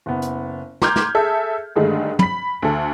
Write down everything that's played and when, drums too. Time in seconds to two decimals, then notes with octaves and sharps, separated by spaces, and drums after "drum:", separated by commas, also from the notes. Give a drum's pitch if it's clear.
0.06 F#1 B3
0.22 drum: hi-hat
0.82 A#5 C6 D6 F6 G6 G#6, drum: snare
0.96 drum: snare
1.15 G#4 A4 E5
1.76 G2 D3 D#3 G#3 A3
2.19 B5 B6, drum: tom
2.62 D2 A4